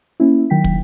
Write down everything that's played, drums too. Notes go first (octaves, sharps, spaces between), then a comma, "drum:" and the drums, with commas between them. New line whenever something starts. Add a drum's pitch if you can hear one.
A#3 C#4 E4
D#3 F#3 G5 B6
drum: kick